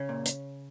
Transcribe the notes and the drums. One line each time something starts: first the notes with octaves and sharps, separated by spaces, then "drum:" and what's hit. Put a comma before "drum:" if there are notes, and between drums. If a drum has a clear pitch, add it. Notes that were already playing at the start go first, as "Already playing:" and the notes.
Already playing: C#3 C#4
A#2
drum: hi-hat